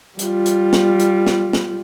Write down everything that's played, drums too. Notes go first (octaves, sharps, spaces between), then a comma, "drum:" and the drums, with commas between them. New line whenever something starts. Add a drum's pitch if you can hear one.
G3 F4, drum: hi-hat
drum: hi-hat
drum: snare
drum: hi-hat
drum: snare
drum: snare